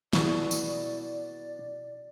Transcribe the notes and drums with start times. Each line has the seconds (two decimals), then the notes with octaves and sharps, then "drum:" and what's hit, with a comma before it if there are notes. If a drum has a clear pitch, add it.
0.13 B2 E4 F#4 G#4 D5 E5, drum: snare
0.51 drum: tambourine